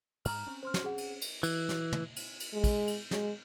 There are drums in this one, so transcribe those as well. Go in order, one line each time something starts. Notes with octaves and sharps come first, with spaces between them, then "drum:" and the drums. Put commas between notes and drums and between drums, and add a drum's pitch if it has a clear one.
G#2 G#3 A#5 F6, drum: cymbal
C4 C#4
C5 C6 F6
drum: snare
G#4 F#5
drum: cymbal
drum: cymbal
E3, drum: cymbal
drum: snare
drum: tom
drum: cymbal
drum: cymbal
G#3
drum: kick, cymbal
drum: cymbal
G#3, drum: snare